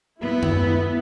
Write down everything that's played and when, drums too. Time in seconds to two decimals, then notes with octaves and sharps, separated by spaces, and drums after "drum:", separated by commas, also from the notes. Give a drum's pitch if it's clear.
0.22 B3 E4
0.43 drum: tom F#2